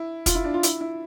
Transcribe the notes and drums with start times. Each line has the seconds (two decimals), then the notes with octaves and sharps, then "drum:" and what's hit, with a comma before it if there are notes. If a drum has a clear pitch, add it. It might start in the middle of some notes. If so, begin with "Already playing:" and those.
Already playing: E4
0.26 F4, drum: kick, hi-hat
0.35 E4
0.44 D4
0.54 F4
0.63 E4, drum: hi-hat
0.81 E4